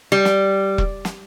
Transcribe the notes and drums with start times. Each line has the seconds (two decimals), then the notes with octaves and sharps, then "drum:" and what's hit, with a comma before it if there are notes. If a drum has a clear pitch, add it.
0.12 G3
0.25 drum: snare
0.78 drum: kick E1
1.05 drum: snare